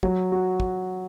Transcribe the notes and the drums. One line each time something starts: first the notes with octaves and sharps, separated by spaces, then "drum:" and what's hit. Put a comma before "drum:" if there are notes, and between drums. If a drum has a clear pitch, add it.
F#3, drum: kick
F#4
drum: kick